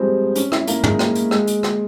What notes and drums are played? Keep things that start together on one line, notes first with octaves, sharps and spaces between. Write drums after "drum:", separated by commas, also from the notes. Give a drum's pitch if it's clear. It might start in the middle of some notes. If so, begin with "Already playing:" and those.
Already playing: F3 G3 G#3 C4
C#4, drum: hi-hat
E4, drum: rim click
A#3, drum: hi-hat
G#3, drum: tom
drum: rim click
drum: hi-hat
G#3, drum: rim click
drum: hi-hat
drum: rim click